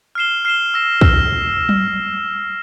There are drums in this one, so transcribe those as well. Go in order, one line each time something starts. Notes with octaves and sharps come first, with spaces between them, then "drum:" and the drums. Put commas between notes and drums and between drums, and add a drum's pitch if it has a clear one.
F6 C7 E7 G7
F6 C7 E7 G7
E6 A#6 E7
E6 A#6 E7, drum: kick
drum: tom F#3